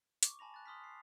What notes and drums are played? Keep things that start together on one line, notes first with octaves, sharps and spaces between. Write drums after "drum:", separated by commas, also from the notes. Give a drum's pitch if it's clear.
C#6 D6, drum: hi-hat
G#5 A5 B5 A#6 F7
F#6 A6
C6 D#6 F6 B6
C7